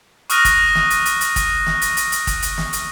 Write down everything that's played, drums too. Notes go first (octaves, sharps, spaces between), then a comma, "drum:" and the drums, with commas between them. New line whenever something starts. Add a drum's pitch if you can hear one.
C#6 D#6 F6 F#6 A#6 D#7, drum: hi-hat
drum: kick, hi-hat
drum: snare
drum: hi-hat
drum: hi-hat
drum: hi-hat
drum: kick, hi-hat
drum: snare
drum: hi-hat
drum: hi-hat
drum: hi-hat
drum: kick, hi-hat
drum: hi-hat
drum: snare
drum: hi-hat